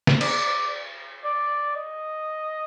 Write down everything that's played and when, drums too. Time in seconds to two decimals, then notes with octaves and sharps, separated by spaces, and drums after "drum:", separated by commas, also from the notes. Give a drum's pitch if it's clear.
0.07 drum: snare
0.21 D5, drum: cymbal
1.25 D5
1.76 D#5